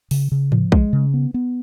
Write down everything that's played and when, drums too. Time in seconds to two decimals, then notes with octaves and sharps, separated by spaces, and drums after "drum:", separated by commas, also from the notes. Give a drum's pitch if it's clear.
0.11 C#3, drum: open hi-hat
0.32 C#3
0.52 F3, drum: tom G#2
0.72 G#3, drum: kick A#1
0.93 C#3
1.14 B3
1.34 B3